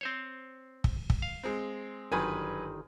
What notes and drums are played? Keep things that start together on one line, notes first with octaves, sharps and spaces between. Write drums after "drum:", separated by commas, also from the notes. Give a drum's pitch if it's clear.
C4 C5 C#5
drum: kick
drum: kick
F5
G#3 C4
G1 F#2 D#3 B4 G#5